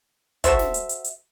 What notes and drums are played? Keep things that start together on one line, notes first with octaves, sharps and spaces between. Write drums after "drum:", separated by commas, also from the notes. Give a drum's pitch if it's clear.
F#4 A4 C5 E5, drum: kick, hi-hat
drum: snare
drum: hi-hat
drum: hi-hat
drum: hi-hat